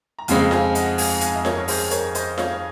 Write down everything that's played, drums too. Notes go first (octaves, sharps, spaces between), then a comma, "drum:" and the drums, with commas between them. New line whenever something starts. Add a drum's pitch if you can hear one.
A#5
F2 C#3 G#3 C4 F5 G#5, drum: hi-hat
F5 G#5, drum: snare F4
D#5 F#5, drum: hi-hat
F5 G#5, drum: open hi-hat
F5 G#5, drum: hi-hat
D#5
A#4 C#5, drum: snare F4
C#5
G#4 C5, drum: open hi-hat
A#4 C#5, drum: hi-hat
C5 D#5, drum: hi-hat
C#5 F5, drum: snare F4